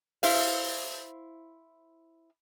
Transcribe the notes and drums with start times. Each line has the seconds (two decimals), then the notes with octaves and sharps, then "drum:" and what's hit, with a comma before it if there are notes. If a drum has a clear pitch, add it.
0.23 E4 C5 F5, drum: open hi-hat